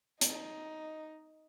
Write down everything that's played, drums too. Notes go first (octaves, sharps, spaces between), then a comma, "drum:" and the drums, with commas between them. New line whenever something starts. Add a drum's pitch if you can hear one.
D#4, drum: hi-hat